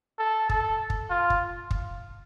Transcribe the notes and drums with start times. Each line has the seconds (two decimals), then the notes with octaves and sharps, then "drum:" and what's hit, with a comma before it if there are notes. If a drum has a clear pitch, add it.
0.19 A4
0.49 A4, drum: kick
0.90 drum: kick
1.10 F4
1.30 drum: kick
1.71 drum: kick